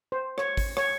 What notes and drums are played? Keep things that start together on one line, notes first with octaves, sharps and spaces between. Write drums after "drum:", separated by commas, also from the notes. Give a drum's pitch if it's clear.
C5
C#5, drum: rim click
drum: kick G#1, open hi-hat
C#5, drum: rim click